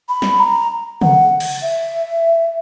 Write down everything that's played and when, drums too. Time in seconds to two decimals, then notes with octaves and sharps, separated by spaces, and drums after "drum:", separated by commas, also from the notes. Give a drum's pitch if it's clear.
0.09 B5
0.22 drum: snare
0.40 A#5
1.01 F#5, drum: tom C#3
1.40 drum: cymbal
1.62 E5